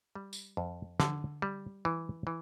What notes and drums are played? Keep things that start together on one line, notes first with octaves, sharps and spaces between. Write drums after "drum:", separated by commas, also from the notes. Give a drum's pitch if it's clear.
G3
drum: tambourine
F2
D3, drum: snare
G3
E3
E3